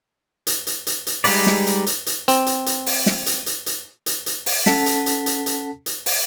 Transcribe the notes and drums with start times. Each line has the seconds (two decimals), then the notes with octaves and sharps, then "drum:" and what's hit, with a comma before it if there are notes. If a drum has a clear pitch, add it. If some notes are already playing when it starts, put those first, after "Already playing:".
0.47 drum: hi-hat
0.67 drum: hi-hat
0.87 drum: hi-hat
1.07 drum: hi-hat
1.24 G3 G#3 D#4 B4 D5, drum: open hi-hat
1.47 drum: snare
1.66 drum: hi-hat
1.86 drum: hi-hat
2.06 drum: hi-hat
2.28 C4, drum: hi-hat
2.46 drum: hi-hat
2.66 drum: hi-hat
2.86 drum: open hi-hat
3.06 drum: snare
3.26 drum: hi-hat
3.46 drum: hi-hat
3.66 drum: hi-hat
4.06 drum: hi-hat
4.26 drum: hi-hat
4.46 drum: open hi-hat
4.66 C#4 A4 F#5 A5 B6, drum: snare
4.86 drum: hi-hat
5.06 drum: hi-hat
5.26 drum: hi-hat
5.46 drum: hi-hat
5.86 drum: hi-hat
6.06 drum: open hi-hat